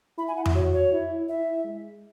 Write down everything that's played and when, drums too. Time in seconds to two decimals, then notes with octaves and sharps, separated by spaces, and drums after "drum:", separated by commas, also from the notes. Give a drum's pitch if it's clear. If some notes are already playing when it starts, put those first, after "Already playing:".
0.18 E4 B5
0.28 G#5
0.37 F#5
0.46 E5, drum: tom F2
0.55 F#4 C#5
0.73 C#5
0.92 E4
1.29 E4 E5
1.65 G#3